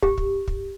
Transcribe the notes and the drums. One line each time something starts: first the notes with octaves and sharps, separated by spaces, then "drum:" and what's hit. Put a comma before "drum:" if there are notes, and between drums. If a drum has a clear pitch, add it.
G4, drum: kick
drum: kick
drum: kick